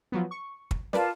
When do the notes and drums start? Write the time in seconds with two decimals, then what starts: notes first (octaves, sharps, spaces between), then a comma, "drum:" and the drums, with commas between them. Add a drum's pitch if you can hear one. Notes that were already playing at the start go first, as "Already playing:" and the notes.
0.12 F3 F#3 B3
0.31 C#6
0.71 drum: kick
0.93 F4 A#4 B4 D5 A5, drum: snare